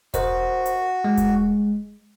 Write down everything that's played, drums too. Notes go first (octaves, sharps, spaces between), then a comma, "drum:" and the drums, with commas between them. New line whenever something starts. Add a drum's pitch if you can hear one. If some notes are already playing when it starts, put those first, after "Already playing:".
F#4 A#4 C5 D#5, drum: kick E1, hi-hat
drum: hi-hat
G#3
drum: kick E1, hi-hat